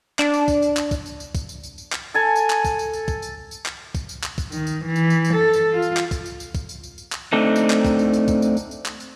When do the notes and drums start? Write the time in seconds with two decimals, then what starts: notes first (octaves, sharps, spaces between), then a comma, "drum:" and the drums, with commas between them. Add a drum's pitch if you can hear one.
0.19 D4, drum: clap
0.33 drum: tambourine
0.48 drum: kick, tambourine
0.62 drum: tambourine
0.77 drum: clap
0.91 drum: kick, tambourine
1.06 drum: tambourine
1.20 drum: tambourine
1.35 drum: kick, tambourine
1.49 drum: tambourine
1.63 drum: tambourine
1.78 drum: tambourine
1.92 drum: clap
2.14 A4 G#5 A#5
2.36 drum: tambourine
2.50 drum: clap
2.65 drum: kick, tambourine
2.79 drum: tambourine
2.93 drum: tambourine
3.08 drum: kick, tambourine
3.22 drum: tambourine
3.51 drum: tambourine
3.66 drum: clap
3.95 drum: kick, tambourine
4.09 drum: tambourine
4.23 drum: clap
4.38 drum: kick, tambourine
4.52 D#3, drum: tambourine
4.67 drum: tambourine
4.85 E3
4.96 drum: tambourine
5.10 drum: tambourine
5.25 drum: tambourine
5.34 A4
5.53 drum: tambourine
5.73 F4
5.82 drum: tambourine
5.97 drum: clap
6.11 drum: kick, tambourine
6.26 drum: tambourine
6.40 drum: tambourine
6.55 drum: kick, tambourine
6.69 drum: tambourine
6.83 drum: tambourine
6.98 drum: tambourine
7.12 drum: clap
7.33 A3 C4 D4 D#4
7.56 drum: tambourine
7.70 drum: clap
7.85 drum: kick, tambourine
7.99 drum: tambourine
8.13 drum: tambourine
8.28 drum: kick, tambourine
8.42 drum: tambourine
8.57 drum: tambourine
8.71 drum: tambourine
8.86 drum: clap
9.00 drum: tambourine